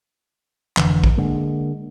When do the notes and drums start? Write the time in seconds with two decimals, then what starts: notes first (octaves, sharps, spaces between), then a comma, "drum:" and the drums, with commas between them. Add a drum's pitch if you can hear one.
0.77 F1 D3 E3, drum: clap
1.04 drum: kick
1.18 D3 G#3 A#3